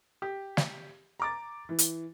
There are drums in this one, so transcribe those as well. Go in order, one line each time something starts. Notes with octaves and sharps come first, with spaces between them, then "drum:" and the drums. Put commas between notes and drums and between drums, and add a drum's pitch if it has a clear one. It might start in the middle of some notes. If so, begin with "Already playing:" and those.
G4
drum: snare
A#5 D6 A6
E3
drum: hi-hat